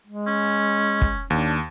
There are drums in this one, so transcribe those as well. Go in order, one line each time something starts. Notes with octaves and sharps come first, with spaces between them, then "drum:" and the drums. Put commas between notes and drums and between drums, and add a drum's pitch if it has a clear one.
G#3
C#4
drum: kick
D#2 D4